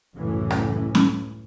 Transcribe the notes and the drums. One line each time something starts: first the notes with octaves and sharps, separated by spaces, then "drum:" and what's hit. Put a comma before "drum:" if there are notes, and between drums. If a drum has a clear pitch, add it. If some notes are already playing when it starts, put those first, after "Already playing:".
C#2 F#2 A2 E3 C#4
drum: rim click
drum: snare